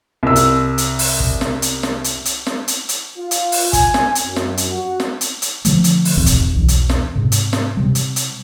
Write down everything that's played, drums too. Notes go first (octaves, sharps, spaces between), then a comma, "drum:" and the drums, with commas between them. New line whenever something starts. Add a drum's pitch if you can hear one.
C2 E6
drum: hi-hat
drum: hi-hat
drum: open hi-hat
drum: kick
drum: snare
drum: hi-hat
drum: snare
drum: hi-hat
drum: hi-hat
drum: snare
drum: hi-hat
drum: hi-hat
F4
drum: hi-hat
drum: open hi-hat
G#5, drum: kick, hi-hat
drum: snare
drum: hi-hat
F#2
drum: snare
drum: hi-hat
F#4
drum: snare
drum: hi-hat
drum: hi-hat
D3 F3 A3, drum: hi-hat
drum: hi-hat
drum: open hi-hat
D#1 G#1 E2 C4
drum: kick, hi-hat
B1 E2
drum: hi-hat
drum: snare
G#2 C3
drum: hi-hat
drum: snare
C3 G3
drum: hi-hat
drum: hi-hat